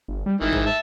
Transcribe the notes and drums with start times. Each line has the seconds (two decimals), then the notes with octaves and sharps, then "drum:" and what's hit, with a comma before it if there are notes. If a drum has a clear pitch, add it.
0.08 G1
0.26 G3
0.41 G#1 D#3 E3
0.53 G#2, drum: kick G#1
0.66 E5 A5